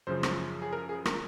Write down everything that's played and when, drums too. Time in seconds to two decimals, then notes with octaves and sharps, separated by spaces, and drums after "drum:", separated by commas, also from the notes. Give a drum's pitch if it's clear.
0.07 F#2 C#3 F3 C5
0.23 drum: rim click
0.62 G#4
0.73 A#4
0.89 G#4
1.05 A#4, drum: rim click